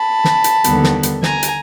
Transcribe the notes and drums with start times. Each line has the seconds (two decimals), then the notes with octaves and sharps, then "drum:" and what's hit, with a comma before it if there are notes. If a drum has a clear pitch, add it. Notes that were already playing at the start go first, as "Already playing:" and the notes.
Already playing: A5 B5
0.24 drum: snare
0.44 drum: hi-hat
0.64 D#2 D3 G3 B3, drum: hi-hat
0.84 drum: snare
1.03 drum: hi-hat
1.23 G#5 A#5, drum: snare
1.43 drum: hi-hat